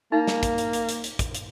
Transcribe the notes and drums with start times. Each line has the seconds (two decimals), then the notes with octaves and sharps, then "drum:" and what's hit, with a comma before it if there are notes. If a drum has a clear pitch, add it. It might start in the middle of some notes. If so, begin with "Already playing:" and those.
0.12 A#3 D#4
0.27 drum: snare
0.43 drum: kick, hi-hat
0.58 drum: hi-hat
0.73 drum: hi-hat
0.89 drum: hi-hat
1.04 drum: hi-hat
1.19 drum: kick, hi-hat
1.35 drum: hi-hat